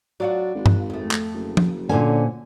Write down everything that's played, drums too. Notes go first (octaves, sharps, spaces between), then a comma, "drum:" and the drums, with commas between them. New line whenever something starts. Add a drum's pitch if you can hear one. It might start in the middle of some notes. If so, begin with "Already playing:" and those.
F#3 D4 F4 F#4
G#1
drum: tom G2
F2 A3
drum: clap
F#1
drum: tom
A#2 D3 C#4 C5 G#5